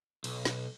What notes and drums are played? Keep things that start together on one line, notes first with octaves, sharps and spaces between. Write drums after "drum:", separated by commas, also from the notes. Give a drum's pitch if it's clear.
B1, drum: cymbal
drum: snare